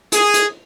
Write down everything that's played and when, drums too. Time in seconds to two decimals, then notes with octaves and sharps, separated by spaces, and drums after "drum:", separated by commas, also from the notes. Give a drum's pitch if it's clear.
0.12 G#4, drum: hi-hat
0.34 drum: hi-hat